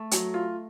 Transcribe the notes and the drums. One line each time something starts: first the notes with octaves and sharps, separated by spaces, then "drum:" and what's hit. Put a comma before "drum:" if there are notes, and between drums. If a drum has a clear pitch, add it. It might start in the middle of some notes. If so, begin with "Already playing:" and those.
Already playing: A3
F#3, drum: hi-hat
F4